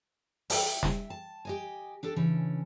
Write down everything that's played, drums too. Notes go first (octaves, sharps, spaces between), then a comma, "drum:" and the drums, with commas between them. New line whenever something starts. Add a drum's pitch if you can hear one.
E5 G5, drum: open hi-hat
drum: snare
A5
G4 D#5 G#5
D4 G4 A4
C#3 E3 C#4 D4